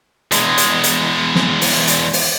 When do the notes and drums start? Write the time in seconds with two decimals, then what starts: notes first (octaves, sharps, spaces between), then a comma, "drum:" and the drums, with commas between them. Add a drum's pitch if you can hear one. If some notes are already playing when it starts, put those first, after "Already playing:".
0.32 E2 G#3, drum: hi-hat
0.58 drum: hi-hat
0.84 drum: hi-hat
1.35 drum: snare
1.61 drum: open hi-hat
1.87 drum: hi-hat
2.13 drum: open hi-hat